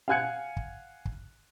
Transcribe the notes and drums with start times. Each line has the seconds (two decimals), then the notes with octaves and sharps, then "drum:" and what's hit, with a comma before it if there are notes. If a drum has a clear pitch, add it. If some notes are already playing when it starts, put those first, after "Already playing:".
0.08 F5 F#5 G#5 F#6 G#6 C#7
0.57 drum: kick
1.05 drum: kick